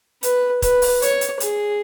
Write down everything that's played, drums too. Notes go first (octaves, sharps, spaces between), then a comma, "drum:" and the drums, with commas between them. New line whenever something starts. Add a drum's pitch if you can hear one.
B4, drum: hi-hat
B4, drum: kick, hi-hat
drum: open hi-hat
C#5, drum: hi-hat
drum: hi-hat
G#4, drum: hi-hat